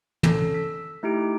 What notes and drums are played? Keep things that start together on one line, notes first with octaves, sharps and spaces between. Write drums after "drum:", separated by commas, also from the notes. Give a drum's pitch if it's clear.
C#4 A4, drum: tom
E6 B6
A3 D#4 E4 G4 D7